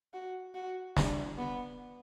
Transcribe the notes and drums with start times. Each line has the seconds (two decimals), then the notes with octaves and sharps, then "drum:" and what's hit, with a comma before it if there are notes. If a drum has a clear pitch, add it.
0.13 F#4
0.54 F#4
0.97 D4, drum: snare
1.38 B3